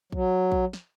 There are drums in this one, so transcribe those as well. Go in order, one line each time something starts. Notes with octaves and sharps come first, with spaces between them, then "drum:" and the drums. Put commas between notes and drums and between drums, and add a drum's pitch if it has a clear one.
F#3, drum: kick
drum: kick
drum: snare